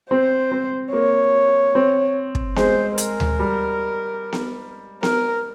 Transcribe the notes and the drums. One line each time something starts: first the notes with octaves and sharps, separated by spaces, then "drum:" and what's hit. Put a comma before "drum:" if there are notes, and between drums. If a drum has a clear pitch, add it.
C4 C5
C4
A#3 C#5
C4
drum: kick
G#3 C5, drum: snare B3
A#4, drum: hi-hat
drum: tom D2
G3
drum: snare B3
A#4, drum: snare B3